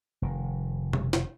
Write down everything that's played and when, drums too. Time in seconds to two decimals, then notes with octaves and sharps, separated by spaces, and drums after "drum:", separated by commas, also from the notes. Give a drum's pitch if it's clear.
0.22 F1 D#3
0.93 drum: tom B2
1.13 drum: snare